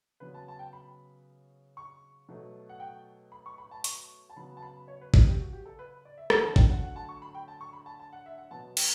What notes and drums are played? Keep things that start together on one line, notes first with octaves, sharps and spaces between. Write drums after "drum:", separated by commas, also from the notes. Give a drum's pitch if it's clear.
C#3 F#3 B3 B4
A5
A5
G5
B5
C#6
B2 F#3 A3
F#5
G5
B5
C#6
B5
A5
C#6, drum: hi-hat
A5
C#3 F#3 B3 B5
A5
B5
C#5
B4
G4, drum: kick G#1
G4
F#4
G4
A4
B4
D5
E5
F#5, drum: rim click
D3 F#3 A3 A5
G5, drum: kick G#1
F#5
F#5
A5
C#6
B5
G5
A5
C#6
B5
A5
A5
F#5
E5
F#5
B2 F#3 B3 A5
G5, drum: cymbal